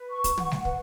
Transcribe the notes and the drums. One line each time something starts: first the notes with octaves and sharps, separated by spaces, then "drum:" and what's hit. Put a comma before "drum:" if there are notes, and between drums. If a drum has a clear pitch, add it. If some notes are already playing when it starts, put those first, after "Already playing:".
Already playing: B4
C#6
drum: kick, hi-hat
F#5, drum: tom
drum: snare G3
B4, drum: kick